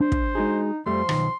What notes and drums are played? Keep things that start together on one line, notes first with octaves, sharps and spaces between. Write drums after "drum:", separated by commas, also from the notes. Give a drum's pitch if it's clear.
D4 C5
drum: kick
G#3 D#4 F#4 G#4
F2 F3 G3 A3 C6
B1 G2 D#3, drum: rim click